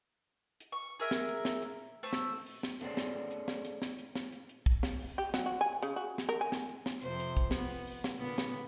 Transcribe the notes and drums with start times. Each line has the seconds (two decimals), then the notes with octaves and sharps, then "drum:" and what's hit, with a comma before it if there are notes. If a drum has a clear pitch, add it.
0.60 drum: hi-hat
0.72 C#6
0.99 G#4 A#4 E5
1.11 drum: snare
1.28 drum: hi-hat
1.45 drum: snare
1.62 drum: hi-hat
2.03 A3 C5
2.13 drum: snare
2.30 drum: open hi-hat
2.46 drum: open hi-hat
2.63 drum: snare
2.81 A3 B3 C#4 G#4 C5 D5, drum: hi-hat
2.97 drum: snare
3.31 drum: hi-hat
3.48 drum: snare
3.65 drum: hi-hat
3.82 drum: snare
3.99 drum: hi-hat
4.15 drum: snare
4.32 drum: hi-hat
4.49 drum: hi-hat
4.66 drum: kick, hi-hat
4.83 drum: snare
5.00 drum: open hi-hat
5.18 G4
5.34 F#3, drum: snare
5.46 F#4
5.61 G#5
5.83 C#3
5.96 F#4
6.18 drum: snare
6.29 A#4
6.41 G#5
6.52 drum: snare
6.69 drum: hi-hat
6.86 drum: snare
7.01 F2 C3 C5, drum: hi-hat
7.20 drum: hi-hat
7.37 drum: kick, hi-hat
7.51 B3, drum: snare
7.70 drum: open hi-hat
7.87 drum: open hi-hat
8.04 drum: snare
8.17 A#2 D3 B3
8.38 drum: snare